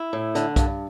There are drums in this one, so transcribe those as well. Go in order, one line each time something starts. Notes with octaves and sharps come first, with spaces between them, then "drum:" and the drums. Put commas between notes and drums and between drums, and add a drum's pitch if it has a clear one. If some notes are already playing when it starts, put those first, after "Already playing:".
Already playing: E4
A2
D3, drum: hi-hat
G2, drum: kick B1, hi-hat